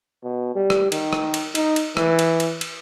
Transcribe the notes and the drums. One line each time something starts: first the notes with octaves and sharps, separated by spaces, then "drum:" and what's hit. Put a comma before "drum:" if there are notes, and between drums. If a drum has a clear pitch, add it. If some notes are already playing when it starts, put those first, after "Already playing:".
B2
G3
drum: rim click
D#3, drum: cymbal
drum: rim click
drum: cymbal
D#4, drum: cymbal
drum: cymbal
E3, drum: rim click
drum: cymbal
drum: cymbal
drum: cymbal